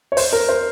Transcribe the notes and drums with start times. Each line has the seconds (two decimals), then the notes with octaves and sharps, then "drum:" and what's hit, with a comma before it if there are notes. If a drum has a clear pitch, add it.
0.12 C#5
0.17 C5, drum: open hi-hat
0.33 A#4
0.49 C5